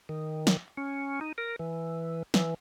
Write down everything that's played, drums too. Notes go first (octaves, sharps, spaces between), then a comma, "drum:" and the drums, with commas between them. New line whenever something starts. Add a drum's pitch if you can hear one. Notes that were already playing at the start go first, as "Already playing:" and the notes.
D#3
drum: snare
C#4
D#4
A#4
E3
E3, drum: snare